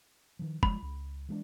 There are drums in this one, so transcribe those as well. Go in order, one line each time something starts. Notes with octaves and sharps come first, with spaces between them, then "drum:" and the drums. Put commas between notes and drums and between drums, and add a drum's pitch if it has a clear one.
D#3 F3
F3 G#3 B5, drum: kick
C#2
E3 G#3 D4